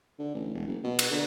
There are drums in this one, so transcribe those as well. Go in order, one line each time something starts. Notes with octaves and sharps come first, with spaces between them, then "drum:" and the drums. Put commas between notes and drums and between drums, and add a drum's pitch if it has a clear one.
D3
A1
E1
F#1
B2
drum: cymbal
D3